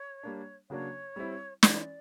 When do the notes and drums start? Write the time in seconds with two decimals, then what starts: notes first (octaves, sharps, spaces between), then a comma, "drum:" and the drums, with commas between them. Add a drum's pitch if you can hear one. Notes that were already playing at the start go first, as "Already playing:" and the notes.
Already playing: C#5
0.23 G3 A#3 D4
0.70 C#3 F#3 A#3 D4 C#5
1.16 G3 C4 E4
1.63 E3 G#3 C#4 E4 D5, drum: snare